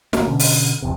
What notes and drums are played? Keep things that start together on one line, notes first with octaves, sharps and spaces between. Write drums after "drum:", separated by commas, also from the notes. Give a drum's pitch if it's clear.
G1 A3 A#3, drum: snare
B2 D3 C#4
drum: open hi-hat
G1 E2 C3